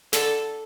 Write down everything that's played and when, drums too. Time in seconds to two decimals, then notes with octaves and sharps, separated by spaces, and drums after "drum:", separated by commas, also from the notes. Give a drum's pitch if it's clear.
0.13 D3 A4, drum: snare